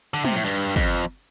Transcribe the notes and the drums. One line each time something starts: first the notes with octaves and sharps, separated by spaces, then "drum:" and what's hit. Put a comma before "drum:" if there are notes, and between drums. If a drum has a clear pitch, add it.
D3
C3, drum: tom
A2
G2
F2, drum: kick